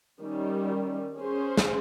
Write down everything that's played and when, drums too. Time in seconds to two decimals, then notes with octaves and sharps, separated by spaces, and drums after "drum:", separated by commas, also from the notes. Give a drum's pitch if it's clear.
0.21 D#3 G3 C#4
1.18 C#4 G#4 C5
1.57 drum: snare